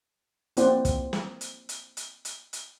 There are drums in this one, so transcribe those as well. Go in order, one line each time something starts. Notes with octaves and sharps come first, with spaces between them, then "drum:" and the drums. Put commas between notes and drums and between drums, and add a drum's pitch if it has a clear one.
A#3 C4 E4 C5 D5 F#5, drum: hi-hat
drum: kick, hi-hat
drum: snare
drum: hi-hat
drum: hi-hat
drum: hi-hat
drum: hi-hat
drum: hi-hat